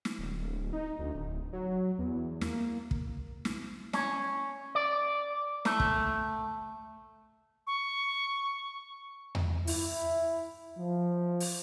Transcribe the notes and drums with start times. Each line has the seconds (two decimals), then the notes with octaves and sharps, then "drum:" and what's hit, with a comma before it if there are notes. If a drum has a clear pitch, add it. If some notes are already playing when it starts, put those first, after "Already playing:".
0.05 drum: snare
0.19 D1
0.73 D#4
0.99 D2
1.15 D1
1.53 F#3
1.99 E2
2.41 A#3, drum: snare
2.91 drum: kick
3.45 drum: snare
3.93 C#4, drum: snare
4.75 D5
5.65 A3, drum: snare
5.80 drum: kick
7.67 C#6
9.35 drum: tom E2
9.67 E4, drum: open hi-hat
10.78 F3
11.40 drum: open hi-hat